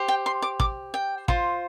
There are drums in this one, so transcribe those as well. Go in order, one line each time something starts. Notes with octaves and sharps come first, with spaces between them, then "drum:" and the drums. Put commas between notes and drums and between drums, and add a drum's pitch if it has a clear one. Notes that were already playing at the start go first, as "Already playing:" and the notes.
Already playing: G4 C5
G5
C6
D6
D6, drum: kick
G5
F4 C5, drum: kick